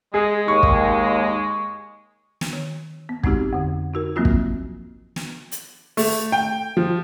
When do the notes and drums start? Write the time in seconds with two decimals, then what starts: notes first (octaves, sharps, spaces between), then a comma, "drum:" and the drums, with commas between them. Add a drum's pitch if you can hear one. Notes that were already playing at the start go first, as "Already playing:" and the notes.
0.14 G#3 G#4
0.48 D#2 C#6
0.63 drum: kick
2.41 drum: snare
2.53 D#3
3.09 B3
3.24 G#3 C4 D#4 F#4 G4, drum: kick
3.53 F2 D3
3.94 D#4 F#4 A#4
4.16 F3 F#3 A#3 C4 F4 F#4
4.25 drum: kick
5.16 drum: snare
5.52 drum: hi-hat
5.97 A3, drum: open hi-hat
6.32 G5
6.77 F3